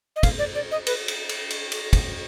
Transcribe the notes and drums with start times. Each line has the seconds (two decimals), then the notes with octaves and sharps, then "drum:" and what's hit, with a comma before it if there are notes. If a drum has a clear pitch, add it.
0.16 D#5
0.23 F5, drum: kick, cymbal
0.39 D5
0.55 D5
0.71 D#5
0.87 B4, drum: cymbal
1.08 drum: cymbal
1.29 drum: cymbal
1.50 drum: cymbal
1.72 drum: cymbal
1.93 drum: kick, cymbal